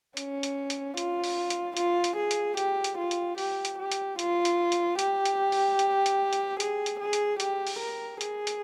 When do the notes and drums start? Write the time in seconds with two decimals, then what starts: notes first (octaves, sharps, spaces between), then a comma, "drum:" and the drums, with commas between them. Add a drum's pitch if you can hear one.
0.17 C#4, drum: hi-hat
0.43 drum: hi-hat
0.70 drum: hi-hat
0.97 F4, drum: hi-hat
1.24 drum: open hi-hat
1.50 drum: hi-hat
1.77 F4, drum: hi-hat
2.04 drum: hi-hat
2.17 G#4
2.31 drum: hi-hat
2.57 G4, drum: hi-hat
2.84 drum: hi-hat
2.98 F4
3.11 drum: hi-hat
3.38 G4, drum: open hi-hat
3.65 drum: hi-hat
3.79 G4
3.92 drum: hi-hat
4.19 F4, drum: hi-hat
4.45 drum: hi-hat
4.72 drum: hi-hat
4.99 G4, drum: hi-hat
5.25 drum: hi-hat
5.52 drum: open hi-hat
5.79 drum: hi-hat
6.06 drum: hi-hat
6.33 drum: hi-hat
6.60 G#4, drum: hi-hat
6.86 drum: hi-hat
7.00 G#4
7.13 drum: hi-hat
7.40 G4, drum: hi-hat
7.67 drum: open hi-hat
7.79 A#4
8.21 G#4, drum: hi-hat
8.47 drum: hi-hat